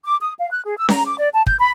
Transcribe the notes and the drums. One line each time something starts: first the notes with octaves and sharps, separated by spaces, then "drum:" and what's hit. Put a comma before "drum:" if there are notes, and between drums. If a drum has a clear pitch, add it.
D6
D#6
F5
F#6
G#4
E6
A#5, drum: snare C#4
D6
D5
A5
G6, drum: kick
B5